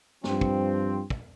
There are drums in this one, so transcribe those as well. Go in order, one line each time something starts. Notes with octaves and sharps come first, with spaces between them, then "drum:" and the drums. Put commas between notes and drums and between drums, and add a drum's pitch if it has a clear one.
G2 F3 C4, drum: snare
drum: kick
drum: kick